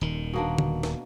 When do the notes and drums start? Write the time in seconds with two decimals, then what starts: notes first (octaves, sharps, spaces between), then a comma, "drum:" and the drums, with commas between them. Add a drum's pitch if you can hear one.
0.01 D#1 D#3
0.33 B2 A#3 D4
0.58 drum: tom D3
0.83 drum: snare